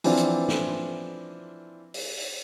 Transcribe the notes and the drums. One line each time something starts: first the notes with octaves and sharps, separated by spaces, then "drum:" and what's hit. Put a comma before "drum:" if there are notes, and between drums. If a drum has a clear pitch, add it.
E3 F3 C4 D4 F4, drum: open hi-hat
drum: hi-hat
drum: snare
drum: open hi-hat
drum: open hi-hat